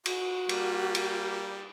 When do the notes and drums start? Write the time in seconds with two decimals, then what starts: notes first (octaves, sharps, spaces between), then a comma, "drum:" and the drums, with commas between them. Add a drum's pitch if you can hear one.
0.06 F#4, drum: cymbal
0.49 G3 A#3, drum: cymbal
0.95 drum: cymbal